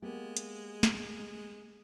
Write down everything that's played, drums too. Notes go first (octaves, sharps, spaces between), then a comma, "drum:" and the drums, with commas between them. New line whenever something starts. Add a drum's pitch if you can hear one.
G#3 A#3 B3 G4
drum: hi-hat
drum: snare